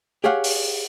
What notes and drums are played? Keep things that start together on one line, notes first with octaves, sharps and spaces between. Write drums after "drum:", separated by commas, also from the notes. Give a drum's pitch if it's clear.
G4 G#4 C#5 F5 F#5
drum: open hi-hat